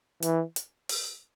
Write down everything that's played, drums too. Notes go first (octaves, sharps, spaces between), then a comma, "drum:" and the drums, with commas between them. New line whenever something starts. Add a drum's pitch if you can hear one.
E3, drum: hi-hat
drum: hi-hat
drum: open hi-hat